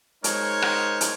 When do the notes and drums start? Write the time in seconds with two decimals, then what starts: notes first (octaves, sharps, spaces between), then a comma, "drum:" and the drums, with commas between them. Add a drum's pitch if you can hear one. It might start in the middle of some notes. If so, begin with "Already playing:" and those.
0.24 G#3 D#4 A#4 C5 C#5, drum: hi-hat
0.62 drum: rim click
1.01 drum: hi-hat